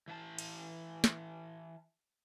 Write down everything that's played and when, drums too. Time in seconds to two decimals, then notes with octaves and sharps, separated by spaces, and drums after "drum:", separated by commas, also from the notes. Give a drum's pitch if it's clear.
0.08 E3 E5 A5
0.38 drum: cymbal
1.04 drum: snare